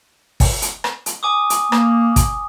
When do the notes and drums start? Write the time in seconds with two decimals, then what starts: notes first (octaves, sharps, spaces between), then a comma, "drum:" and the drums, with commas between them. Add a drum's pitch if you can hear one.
0.40 drum: kick, open hi-hat
0.62 drum: hi-hat
0.84 drum: rim click
1.06 drum: hi-hat
1.23 G#5 D6 D#6
1.50 drum: hi-hat
1.72 A#3, drum: rim click
2.16 drum: kick, hi-hat